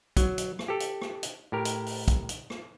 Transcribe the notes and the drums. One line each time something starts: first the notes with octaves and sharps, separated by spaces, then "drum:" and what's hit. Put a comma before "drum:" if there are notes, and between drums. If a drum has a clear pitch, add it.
F#3, drum: kick, hi-hat
drum: hi-hat
drum: rim click
G4 A4
drum: hi-hat
drum: rim click
drum: hi-hat
A2 G4 A#4
drum: hi-hat
drum: open hi-hat
drum: kick, hi-hat
drum: hi-hat
drum: rim click